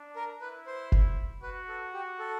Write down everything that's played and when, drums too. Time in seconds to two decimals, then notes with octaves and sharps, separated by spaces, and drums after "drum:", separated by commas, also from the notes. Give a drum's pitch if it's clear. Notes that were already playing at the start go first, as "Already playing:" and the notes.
Already playing: D4
0.16 A#4
0.41 E4 B4
0.66 C5
0.92 drum: kick F1
1.42 F#4 B4
1.68 A4
1.94 G4
2.19 A4